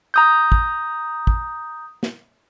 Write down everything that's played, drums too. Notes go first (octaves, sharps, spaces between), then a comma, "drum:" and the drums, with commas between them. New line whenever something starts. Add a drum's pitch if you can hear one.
A#5 D#6 G6
drum: kick
drum: kick
drum: snare